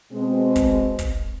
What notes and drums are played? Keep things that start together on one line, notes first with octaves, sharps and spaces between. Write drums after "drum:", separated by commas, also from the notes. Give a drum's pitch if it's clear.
B2 G#3 C4
drum: kick, hi-hat
drum: kick, hi-hat